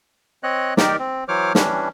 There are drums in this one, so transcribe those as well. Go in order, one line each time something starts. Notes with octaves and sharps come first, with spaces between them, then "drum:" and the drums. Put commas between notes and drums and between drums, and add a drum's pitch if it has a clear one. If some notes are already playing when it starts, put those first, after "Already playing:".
C4 C#5 D#5 F#6
D#3 D#4 G4 A#4 D5, drum: snare
C4
E3 F#3 C5 C#5 D6 F6
E3 G3 C#4 D4, drum: snare